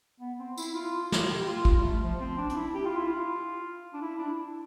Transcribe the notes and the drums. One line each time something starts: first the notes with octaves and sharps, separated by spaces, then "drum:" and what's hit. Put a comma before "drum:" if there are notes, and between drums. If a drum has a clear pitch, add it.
B3
C4
E4, drum: tambourine
F4
F4
drum: snare
G4
F4
F4, drum: kick
G3
A3
F3
C4
D4
D4, drum: hi-hat
E4
G4
F4
E4
F4
D4
E4
D4